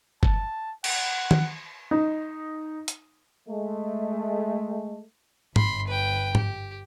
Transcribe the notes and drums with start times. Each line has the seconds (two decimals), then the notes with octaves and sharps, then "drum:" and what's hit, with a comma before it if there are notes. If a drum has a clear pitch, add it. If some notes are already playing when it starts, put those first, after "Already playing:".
0.23 A5, drum: kick F#1
0.84 F#5, drum: cymbal
1.31 drum: tom D#3
1.91 D#4
2.88 drum: hi-hat
3.49 G#3 A3
5.56 G1 B5 C6, drum: tom G#2
5.88 B4 G5
6.35 G4, drum: tom G#2